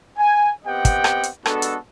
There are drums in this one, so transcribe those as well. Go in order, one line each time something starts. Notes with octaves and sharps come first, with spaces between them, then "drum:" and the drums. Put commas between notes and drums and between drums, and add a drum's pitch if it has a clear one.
G#5
B3 C4 G4 D#5 F#5 G5
drum: kick, hi-hat
drum: rim click
drum: hi-hat
G#3 B3 D4 F#4 A4, drum: rim click
drum: hi-hat